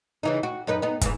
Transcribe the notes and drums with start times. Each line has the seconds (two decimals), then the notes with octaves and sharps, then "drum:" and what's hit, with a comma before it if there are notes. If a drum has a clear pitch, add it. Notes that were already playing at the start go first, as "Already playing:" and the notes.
0.23 C#3 E3 D#4
0.43 F#4
0.67 F#2 D#4 B4
0.82 B3 D#4
1.01 E2 G#2 E3, drum: kick, hi-hat